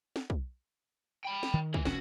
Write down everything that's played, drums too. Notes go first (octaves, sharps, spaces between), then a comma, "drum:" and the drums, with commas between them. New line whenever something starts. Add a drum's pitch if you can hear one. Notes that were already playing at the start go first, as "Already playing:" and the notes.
drum: snare
drum: kick
G5 B5
drum: snare
D#3
E3, drum: kick
F1 D#2 C#4 F#4, drum: snare